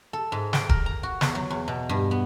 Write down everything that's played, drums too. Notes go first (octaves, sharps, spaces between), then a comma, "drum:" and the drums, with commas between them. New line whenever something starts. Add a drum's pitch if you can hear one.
A4
G#2
G5, drum: snare
A#4, drum: kick D#1
A#5
F#4
E2, drum: snare
F#3
E2
B2
G2
B3